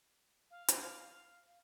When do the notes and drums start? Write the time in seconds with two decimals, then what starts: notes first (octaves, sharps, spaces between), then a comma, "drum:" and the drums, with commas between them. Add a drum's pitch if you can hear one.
0.51 F5
0.68 drum: hi-hat